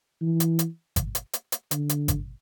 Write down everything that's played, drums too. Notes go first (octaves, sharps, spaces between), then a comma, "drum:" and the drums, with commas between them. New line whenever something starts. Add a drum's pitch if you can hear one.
E3
drum: hi-hat
drum: hi-hat
drum: kick G#1, hi-hat
drum: hi-hat
drum: hi-hat
drum: hi-hat
D3, drum: hi-hat
drum: hi-hat
drum: kick G#1, hi-hat